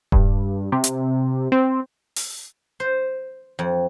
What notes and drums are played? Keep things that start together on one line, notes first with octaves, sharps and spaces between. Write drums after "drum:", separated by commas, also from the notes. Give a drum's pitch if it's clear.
G2, drum: kick D#1
C3
drum: hi-hat
C4
drum: open hi-hat
C5
F2